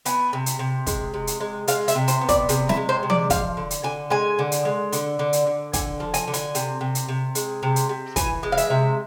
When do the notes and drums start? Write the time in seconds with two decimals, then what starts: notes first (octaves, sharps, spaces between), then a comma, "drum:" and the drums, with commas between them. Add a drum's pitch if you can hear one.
0.05 B3 G#5, drum: hi-hat
0.33 C3
0.46 drum: hi-hat
0.59 C3
0.87 G#3, drum: kick, hi-hat
1.14 C3
1.27 drum: hi-hat
1.40 G#3
1.68 G#3 F5, drum: hi-hat
1.88 E5, drum: hi-hat
1.95 C3
2.08 C5, drum: hi-hat
2.21 B3
2.29 D5, drum: kick, hi-hat
2.49 C3 G#4, drum: hi-hat
2.69 E4, drum: snare
2.77 G#3
2.89 C5
3.03 C3
3.10 D5, drum: tom E3
3.30 F3 F5, drum: kick, hi-hat
3.57 D3
3.71 drum: hi-hat
3.83 D3 G#5
4.10 G#3 G#5
4.39 D3
4.52 drum: hi-hat
4.65 G#3
4.92 D3, drum: hi-hat
5.19 D3
5.33 drum: hi-hat
5.47 D3
5.73 D3 G#5, drum: kick, hi-hat
6.00 F3
6.14 G#5, drum: hi-hat
6.28 D3
6.34 G#5, drum: hi-hat
6.55 C3, drum: hi-hat
6.81 C3
6.95 drum: hi-hat
7.08 C3
7.35 G#3, drum: hi-hat
7.63 C3
7.76 drum: hi-hat
7.89 C3
8.16 E3 G#5, drum: kick, hi-hat
8.43 G#3
8.52 F5
8.57 E5, drum: hi-hat
8.70 C3